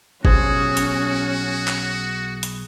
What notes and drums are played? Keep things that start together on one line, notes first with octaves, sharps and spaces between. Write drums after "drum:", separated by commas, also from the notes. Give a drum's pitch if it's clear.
B1 C#4 F#4 G#4 C5, drum: kick G1
drum: hi-hat
drum: clap
drum: hi-hat